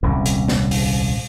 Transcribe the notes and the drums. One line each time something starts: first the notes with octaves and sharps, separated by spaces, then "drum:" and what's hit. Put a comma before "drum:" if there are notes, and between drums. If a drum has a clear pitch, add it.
D#1 C2 G#2 C#3
drum: hi-hat
drum: snare
drum: open hi-hat